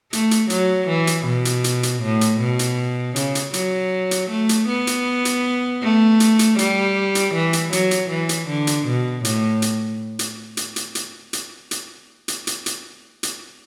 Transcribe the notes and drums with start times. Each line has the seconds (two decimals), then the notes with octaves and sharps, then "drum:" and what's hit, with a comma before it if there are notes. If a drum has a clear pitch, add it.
0.13 A3, drum: hi-hat
0.31 drum: hi-hat
0.50 F#3, drum: hi-hat
0.88 E3
1.07 drum: hi-hat
1.26 B2
1.45 drum: hi-hat
1.64 drum: hi-hat
1.83 drum: hi-hat
2.02 A2
2.21 drum: hi-hat
2.40 B2
2.59 drum: hi-hat
3.16 C#3, drum: hi-hat
3.35 drum: hi-hat
3.54 F#3, drum: hi-hat
4.11 drum: hi-hat
4.30 A3
4.49 drum: hi-hat
4.68 B3
4.87 drum: hi-hat
5.25 drum: hi-hat
5.83 A3
6.20 drum: hi-hat
6.39 drum: hi-hat
6.59 G3, drum: hi-hat
7.15 drum: hi-hat
7.34 E3
7.53 drum: hi-hat
7.73 F#3, drum: hi-hat
7.91 drum: hi-hat
8.10 E3
8.29 drum: hi-hat
8.48 D3
8.67 drum: hi-hat
8.86 B2
9.25 A2, drum: hi-hat
9.62 drum: hi-hat
10.19 drum: hi-hat
10.57 drum: hi-hat
10.76 drum: hi-hat
10.95 drum: hi-hat
11.33 drum: hi-hat
11.71 drum: hi-hat
12.28 drum: hi-hat
12.47 drum: hi-hat
12.66 drum: hi-hat
13.23 drum: hi-hat